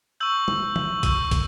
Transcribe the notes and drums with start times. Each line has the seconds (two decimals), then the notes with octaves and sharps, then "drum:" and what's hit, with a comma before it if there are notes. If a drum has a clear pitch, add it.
0.20 C#6 E6 G6 F#7
0.48 drum: tom
0.76 drum: tom
1.03 C#6 E6 G6, drum: kick, hi-hat
1.31 drum: kick, hi-hat